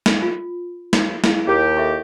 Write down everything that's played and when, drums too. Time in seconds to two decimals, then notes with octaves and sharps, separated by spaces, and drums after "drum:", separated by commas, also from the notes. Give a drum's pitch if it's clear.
0.06 drum: snare
0.22 F4
0.93 drum: snare
1.24 E4 G#4 F5, drum: snare
1.47 D#2 G4
1.77 A4 E5 C#6